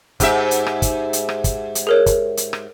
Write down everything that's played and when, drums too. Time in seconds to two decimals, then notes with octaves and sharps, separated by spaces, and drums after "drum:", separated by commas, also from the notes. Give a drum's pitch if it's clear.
0.20 G#2 G4 E5, drum: kick, hi-hat
0.51 drum: hi-hat
0.67 drum: rim click
0.82 drum: kick, hi-hat
1.13 drum: hi-hat
1.29 drum: rim click
1.44 drum: kick, hi-hat
1.75 drum: hi-hat
1.87 G#4 A#4 C#5
2.06 drum: kick, hi-hat
2.37 drum: hi-hat
2.53 drum: rim click